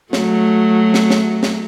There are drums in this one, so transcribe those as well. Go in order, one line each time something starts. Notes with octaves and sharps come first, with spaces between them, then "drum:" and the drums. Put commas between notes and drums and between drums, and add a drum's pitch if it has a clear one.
F#3 A3, drum: snare
drum: snare
drum: snare
drum: snare